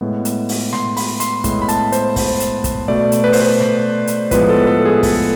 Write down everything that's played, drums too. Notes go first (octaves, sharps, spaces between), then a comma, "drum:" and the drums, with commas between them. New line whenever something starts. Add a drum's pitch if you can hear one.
A2 G#3 B3
drum: hi-hat
drum: open hi-hat
C6, drum: snare
B5, drum: open hi-hat
C6, drum: hi-hat
A2 G#3 B3 C6, drum: kick, hi-hat
B5
A5, drum: hi-hat
C5, drum: hi-hat
C5, drum: kick, open hi-hat
drum: hi-hat
drum: kick, hi-hat
B2 A3 D5
drum: hi-hat
B4
C5, drum: open hi-hat
B4
drum: snare
drum: hi-hat
A2 F3 G#3 B3 B4, drum: kick, hi-hat
A4
A4
G#4
A4, drum: kick, open hi-hat